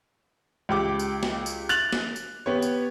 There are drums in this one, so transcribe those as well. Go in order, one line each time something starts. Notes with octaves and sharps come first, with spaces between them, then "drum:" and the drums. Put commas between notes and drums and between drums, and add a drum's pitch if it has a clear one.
C#2 G4 D6
drum: tambourine
drum: snare
drum: tambourine
F#6 A6 F7 F#7, drum: tambourine
drum: snare
drum: tambourine
B3 G4 C#5
drum: tambourine